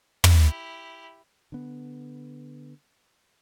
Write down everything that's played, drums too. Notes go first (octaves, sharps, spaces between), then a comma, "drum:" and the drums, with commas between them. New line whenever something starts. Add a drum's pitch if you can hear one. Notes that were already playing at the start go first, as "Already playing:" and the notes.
E4 G4, drum: tom
D3 B3